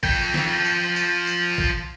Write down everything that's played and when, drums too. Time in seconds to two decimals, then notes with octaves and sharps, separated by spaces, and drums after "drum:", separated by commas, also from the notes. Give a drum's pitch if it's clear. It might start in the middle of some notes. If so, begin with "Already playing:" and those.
0.03 F3 G5, drum: kick, tambourine
0.34 drum: snare
0.65 drum: tambourine
0.96 drum: tambourine
1.27 drum: tambourine
1.58 drum: kick